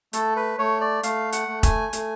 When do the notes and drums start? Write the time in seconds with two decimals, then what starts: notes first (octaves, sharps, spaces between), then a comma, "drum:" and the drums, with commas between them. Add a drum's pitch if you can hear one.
0.13 A3 A4, drum: hi-hat
0.36 B4
0.58 A3 C#5
0.81 D5
1.03 A3 F5, drum: hi-hat
1.32 F#5, drum: hi-hat
1.48 A3
1.63 G#5, drum: kick E1, hi-hat
1.93 A3, drum: hi-hat